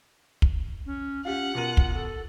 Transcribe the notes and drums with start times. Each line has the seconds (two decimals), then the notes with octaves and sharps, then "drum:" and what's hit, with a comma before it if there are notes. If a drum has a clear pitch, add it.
0.42 drum: kick
0.86 C#4
1.25 C#4 F4 G4 F#5
1.55 B2 F4 A#4 D#7
1.77 drum: kick
1.94 A4